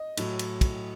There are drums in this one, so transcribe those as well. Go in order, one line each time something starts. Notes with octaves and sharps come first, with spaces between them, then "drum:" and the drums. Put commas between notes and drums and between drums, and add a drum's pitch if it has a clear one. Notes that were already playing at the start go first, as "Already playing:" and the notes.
Already playing: D#5
A2 F#3, drum: cymbal
drum: cymbal
drum: kick, cymbal